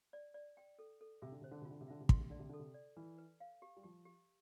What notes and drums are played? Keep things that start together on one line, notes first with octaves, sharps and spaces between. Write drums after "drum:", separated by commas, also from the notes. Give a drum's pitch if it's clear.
D5
D5
G5
A4
A4
C3 E5
D3
C3 C5
D3
C3 F4
D3
C3
D3 E5
C3
D3 C6, drum: kick
C3
D3 D5
C3
D3 A4
C3
D5
E3 B4
B4
F5
G4
G3
F3 G4
G4